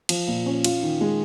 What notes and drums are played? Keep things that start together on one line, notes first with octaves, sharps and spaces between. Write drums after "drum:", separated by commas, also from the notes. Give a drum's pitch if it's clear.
F3, drum: cymbal
A#2
C#4
F4, drum: cymbal
D#3
G#3